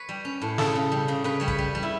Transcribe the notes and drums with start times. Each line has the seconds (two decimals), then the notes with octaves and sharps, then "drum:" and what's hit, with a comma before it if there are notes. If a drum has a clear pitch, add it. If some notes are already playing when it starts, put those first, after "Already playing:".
Already playing: B4 C#5
0.09 G3
0.25 C#4
0.41 A2
0.58 C#3 A4, drum: snare
0.75 C#3
0.92 G3
1.08 C#3
1.24 C#3 B4
1.40 G3 C#5
1.48 B4, drum: kick
1.58 G3
1.75 G3
1.83 E4